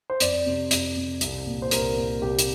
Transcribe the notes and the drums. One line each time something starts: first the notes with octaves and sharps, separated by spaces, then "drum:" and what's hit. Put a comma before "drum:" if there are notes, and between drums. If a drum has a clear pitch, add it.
C5
F2 D5, drum: hi-hat
C3
F2, drum: hi-hat
C3
C2, drum: hi-hat
A#2
C5
C2 A#4, drum: hi-hat
A#2
C2 G4
drum: hi-hat